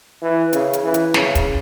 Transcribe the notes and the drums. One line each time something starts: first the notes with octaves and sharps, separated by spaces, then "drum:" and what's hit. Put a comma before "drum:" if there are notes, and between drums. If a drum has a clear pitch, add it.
E3
C#3, drum: hi-hat
drum: hi-hat
E3
drum: hi-hat
C#3, drum: snare
drum: kick, hi-hat